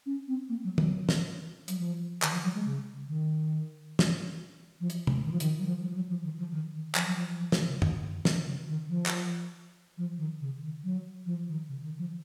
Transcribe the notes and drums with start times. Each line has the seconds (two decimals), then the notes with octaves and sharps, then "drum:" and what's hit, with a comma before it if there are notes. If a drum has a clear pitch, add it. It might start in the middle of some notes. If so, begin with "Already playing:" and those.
0.06 C#4
0.28 C4
0.49 A#3
0.64 F#3
0.78 F#3, drum: tom
1.09 drum: snare
1.68 F#3, drum: hi-hat
1.79 F3
2.22 D#3, drum: clap
2.32 F3
2.43 F#3
2.55 G#3
2.65 C#3
3.08 D#3
3.99 drum: snare
4.80 F3
4.90 drum: hi-hat
5.07 drum: tom
5.24 D#3
5.32 F3
5.40 D#3, drum: hi-hat
5.59 F#3
5.66 F3
5.81 F#3
5.90 F3
5.95 F#3
6.10 F3
6.24 D#3
6.38 F3
6.52 D#3
6.75 D#3
6.95 F3, drum: clap
7.06 F#3
7.16 F3
7.39 F3
7.52 D#3, drum: snare
7.67 C#3
7.82 D#3, drum: tom
8.25 D#3, drum: snare
8.46 C#3
8.68 D#3
8.89 F3
9.06 drum: clap
9.98 F3
10.18 D#3
10.41 C#3
10.62 D#3
10.84 F#3
11.26 F3
11.48 D#3
11.69 C#3
11.83 D#3
11.99 F3